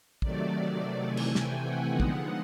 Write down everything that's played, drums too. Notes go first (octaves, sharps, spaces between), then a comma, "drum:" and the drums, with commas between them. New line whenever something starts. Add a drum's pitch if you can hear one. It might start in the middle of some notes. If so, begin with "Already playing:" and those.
C3 D#3 F#3 A3 D5, drum: kick
C3 E3 A3 G#5
drum: cymbal
G5, drum: snare
F#5
D3 F3 G#3 B3 D#4 F#5
drum: kick